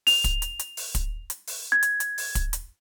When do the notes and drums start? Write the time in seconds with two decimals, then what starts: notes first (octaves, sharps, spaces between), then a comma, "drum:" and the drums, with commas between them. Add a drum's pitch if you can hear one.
0.07 F7, drum: open hi-hat
0.24 drum: kick, hi-hat
0.42 drum: hi-hat
0.59 drum: hi-hat
0.77 drum: open hi-hat
0.95 drum: kick, hi-hat
1.30 drum: hi-hat
1.47 drum: open hi-hat
1.72 G#6
1.83 drum: hi-hat
2.00 drum: hi-hat
2.18 drum: open hi-hat
2.35 drum: kick, hi-hat
2.53 drum: hi-hat